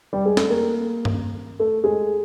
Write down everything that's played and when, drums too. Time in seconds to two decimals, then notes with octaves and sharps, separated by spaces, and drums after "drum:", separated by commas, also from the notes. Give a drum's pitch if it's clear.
0.13 G3 G4
0.26 G#3 G#4
0.37 A3 A4, drum: snare
0.50 A#3 A#4
1.05 drum: tom G2
1.60 A3 A4
1.84 G#3 G#4